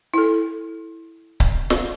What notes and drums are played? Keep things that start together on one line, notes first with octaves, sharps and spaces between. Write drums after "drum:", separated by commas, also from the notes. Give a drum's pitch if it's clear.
E4 A4
drum: kick C#1
drum: snare